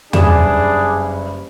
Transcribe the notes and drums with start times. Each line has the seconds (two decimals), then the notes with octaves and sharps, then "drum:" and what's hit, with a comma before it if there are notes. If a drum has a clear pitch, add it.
0.13 F#1 G2 D4 G#4 E7, drum: tom E2